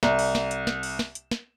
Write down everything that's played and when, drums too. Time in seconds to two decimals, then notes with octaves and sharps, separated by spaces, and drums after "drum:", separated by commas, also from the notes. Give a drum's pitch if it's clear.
0.03 C2, drum: snare
0.19 drum: open hi-hat
0.35 drum: snare
0.51 drum: hi-hat
0.67 drum: snare
0.83 drum: open hi-hat
0.99 drum: snare
1.15 drum: hi-hat
1.31 drum: snare